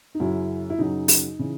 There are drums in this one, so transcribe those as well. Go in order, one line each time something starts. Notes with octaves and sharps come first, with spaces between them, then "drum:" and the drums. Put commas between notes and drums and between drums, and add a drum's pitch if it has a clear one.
D#4
F#2 C#3 F#3 E4
E4
F#2 C#3 F#3 D#4
drum: open hi-hat
C#3 E3